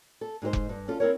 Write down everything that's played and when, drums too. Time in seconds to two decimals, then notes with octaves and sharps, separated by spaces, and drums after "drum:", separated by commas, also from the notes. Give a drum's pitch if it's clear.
0.21 A4
0.42 G#2 D#4 G#4 C5
0.53 drum: kick F1
0.69 G2
0.88 C#4 F4 A4
1.00 C4 E4 A#4 C#5